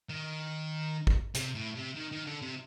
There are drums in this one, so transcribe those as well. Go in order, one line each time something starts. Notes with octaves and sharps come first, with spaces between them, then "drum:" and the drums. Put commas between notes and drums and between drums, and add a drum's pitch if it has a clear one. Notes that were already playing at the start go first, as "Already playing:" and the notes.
D#3
drum: kick
C3, drum: hi-hat
A2
C3
D#3
D#3
D3
C3